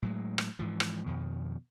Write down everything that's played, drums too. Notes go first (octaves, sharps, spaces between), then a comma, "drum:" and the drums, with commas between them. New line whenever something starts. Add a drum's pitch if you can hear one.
A2 F#3 G#3
drum: rim click
G#2 E3 F3
drum: rim click
F2 B2 D#3